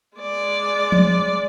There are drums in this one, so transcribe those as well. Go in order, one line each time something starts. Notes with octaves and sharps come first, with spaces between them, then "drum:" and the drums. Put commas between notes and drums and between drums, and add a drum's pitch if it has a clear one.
G#3 D5
drum: tom F3